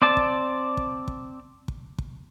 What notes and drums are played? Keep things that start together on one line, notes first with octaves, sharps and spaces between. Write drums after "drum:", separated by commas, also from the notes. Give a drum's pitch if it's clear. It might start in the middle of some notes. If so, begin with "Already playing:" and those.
C4 D5 A5
drum: kick
drum: kick
drum: kick
drum: kick
drum: kick